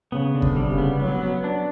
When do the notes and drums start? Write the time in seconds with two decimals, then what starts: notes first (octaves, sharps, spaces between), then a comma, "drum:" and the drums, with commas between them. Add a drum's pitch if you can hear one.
0.12 C#3 B3
0.35 D3
0.42 C3, drum: kick
0.57 G3
0.71 C#3
0.78 B3
1.00 F#3 B3
1.22 B3
1.44 D4